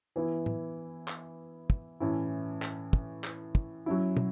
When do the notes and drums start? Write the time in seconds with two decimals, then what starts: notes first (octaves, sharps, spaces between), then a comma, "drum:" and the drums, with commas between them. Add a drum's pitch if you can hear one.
0.16 E3 B3 E4
0.46 drum: tom A2
1.08 drum: clap
1.70 drum: kick
2.00 A2 E3 C#4 E4
2.62 drum: clap
2.93 drum: kick
3.24 drum: clap
3.55 drum: kick
3.86 F#3 C#4 E4
4.17 drum: tom